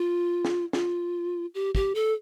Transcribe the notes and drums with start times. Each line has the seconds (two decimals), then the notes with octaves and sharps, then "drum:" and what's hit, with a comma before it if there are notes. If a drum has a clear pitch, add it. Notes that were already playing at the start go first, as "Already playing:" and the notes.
Already playing: F4
0.45 drum: snare
0.73 F4, drum: snare
1.54 G4
1.75 G4, drum: kick
1.95 A4